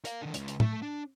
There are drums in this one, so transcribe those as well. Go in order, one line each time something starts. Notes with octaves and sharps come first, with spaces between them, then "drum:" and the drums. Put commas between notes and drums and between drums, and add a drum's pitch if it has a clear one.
A#4 F5, drum: hi-hat
D3 D#3
C#2, drum: hi-hat
drum: hi-hat
A3, drum: tom
D4